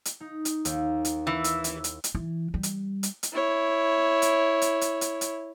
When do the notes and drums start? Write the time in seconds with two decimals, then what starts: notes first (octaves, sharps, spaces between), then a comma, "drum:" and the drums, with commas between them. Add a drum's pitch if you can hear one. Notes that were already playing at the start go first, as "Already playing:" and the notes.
0.05 drum: hi-hat
0.21 D#4
0.45 drum: hi-hat
0.65 D#2, drum: hi-hat
1.05 drum: hi-hat
1.27 E3
1.44 drum: hi-hat
1.64 drum: hi-hat
1.84 drum: hi-hat
2.04 drum: hi-hat
2.15 E3
2.54 G3
2.63 drum: hi-hat
3.03 drum: hi-hat
3.23 drum: hi-hat
3.33 E4 C#5
4.22 drum: hi-hat
4.62 drum: hi-hat
4.81 drum: hi-hat
5.01 drum: hi-hat
5.21 drum: hi-hat